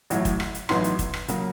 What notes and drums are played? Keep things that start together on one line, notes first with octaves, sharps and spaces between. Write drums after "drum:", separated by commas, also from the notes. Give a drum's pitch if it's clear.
A1 A2 F#3, drum: hi-hat
drum: kick, hi-hat
drum: rim click
drum: hi-hat
A1 A2 F#3 B3 D#4 C6, drum: rim click
drum: hi-hat
drum: kick, hi-hat
drum: rim click
C#3 F#3 A#3, drum: hi-hat